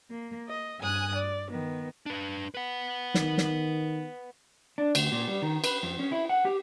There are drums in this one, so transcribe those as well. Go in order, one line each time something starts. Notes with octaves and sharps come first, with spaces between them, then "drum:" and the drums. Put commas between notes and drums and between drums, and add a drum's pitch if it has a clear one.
A#3
D#5
G2 G#5 D#6 F#6
D5
D#3 B3
D4 B4
B4 F#5
D#3, drum: snare
drum: snare
D4
D2, drum: cymbal
A#2
G3
D#3
B4, drum: cymbal
F2
C#4
E4
F#5
G4